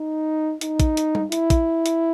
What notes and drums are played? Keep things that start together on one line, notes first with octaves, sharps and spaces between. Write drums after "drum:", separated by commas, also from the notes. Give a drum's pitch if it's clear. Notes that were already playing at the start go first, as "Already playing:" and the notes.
Already playing: D#4
D#4, drum: hi-hat
drum: kick, hi-hat
drum: hi-hat
drum: tom G3
E4, drum: hi-hat
drum: kick, hi-hat
drum: hi-hat